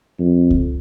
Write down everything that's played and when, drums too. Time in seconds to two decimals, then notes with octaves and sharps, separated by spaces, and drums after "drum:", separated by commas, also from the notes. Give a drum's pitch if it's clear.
0.19 F2
0.51 drum: kick C#2